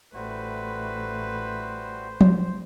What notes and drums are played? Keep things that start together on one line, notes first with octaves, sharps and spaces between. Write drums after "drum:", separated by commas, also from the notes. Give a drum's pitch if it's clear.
A1 G3 A3 E4 F#4 B4 C5
drum: tom F3